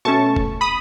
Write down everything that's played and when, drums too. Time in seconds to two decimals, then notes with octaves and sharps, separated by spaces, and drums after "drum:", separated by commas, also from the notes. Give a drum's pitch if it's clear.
0.05 B2 A3 C#4 A5 C#6
0.36 drum: kick E1
0.61 B5 D#6